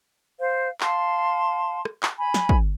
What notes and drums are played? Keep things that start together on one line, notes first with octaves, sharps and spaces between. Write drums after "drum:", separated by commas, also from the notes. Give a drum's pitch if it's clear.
C5 F5
F5 A5 C6, drum: clap
drum: rim click
drum: clap
G#5 B5
drum: snare
drum: kick